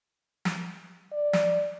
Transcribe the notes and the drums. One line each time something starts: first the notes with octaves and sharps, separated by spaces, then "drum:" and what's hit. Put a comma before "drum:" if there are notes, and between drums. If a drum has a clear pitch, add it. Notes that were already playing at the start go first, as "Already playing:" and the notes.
drum: snare
D5
drum: snare